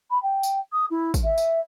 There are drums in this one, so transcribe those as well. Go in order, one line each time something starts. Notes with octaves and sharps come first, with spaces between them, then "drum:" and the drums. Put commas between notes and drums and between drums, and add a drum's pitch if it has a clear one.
B5
G5
drum: tambourine
D#6
E4
drum: kick, tambourine
E5
drum: tambourine